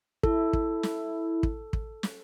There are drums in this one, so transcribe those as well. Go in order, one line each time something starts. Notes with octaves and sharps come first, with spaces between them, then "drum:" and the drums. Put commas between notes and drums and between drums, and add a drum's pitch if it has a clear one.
E4 A4, drum: kick
drum: kick
drum: snare
drum: kick
drum: kick
drum: snare